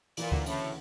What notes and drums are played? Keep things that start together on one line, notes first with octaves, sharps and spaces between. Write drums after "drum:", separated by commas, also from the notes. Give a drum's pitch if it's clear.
A#2 E3, drum: cymbal
D2, drum: kick D2
A2 C#3, drum: cymbal